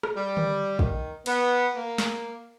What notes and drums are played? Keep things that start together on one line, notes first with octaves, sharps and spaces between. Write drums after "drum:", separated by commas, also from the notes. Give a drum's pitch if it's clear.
drum: rim click
G3
drum: tom D3
D#3, drum: kick
B3, drum: cymbal
A#3
drum: snare